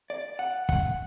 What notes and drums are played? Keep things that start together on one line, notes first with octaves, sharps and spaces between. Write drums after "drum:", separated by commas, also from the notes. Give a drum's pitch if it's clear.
D5
F#5
F#5, drum: kick